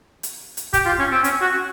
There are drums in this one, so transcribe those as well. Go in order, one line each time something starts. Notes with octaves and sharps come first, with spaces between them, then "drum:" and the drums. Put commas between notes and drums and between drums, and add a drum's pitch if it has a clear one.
drum: hi-hat
drum: hi-hat
G4, drum: kick, hi-hat
F4
C#4
C4
C#4, drum: hi-hat
F#4